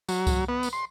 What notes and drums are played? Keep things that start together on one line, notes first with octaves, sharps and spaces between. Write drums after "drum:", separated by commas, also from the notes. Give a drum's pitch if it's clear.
F#3, drum: tambourine
drum: kick C2, tambourine
B3
drum: tambourine
C6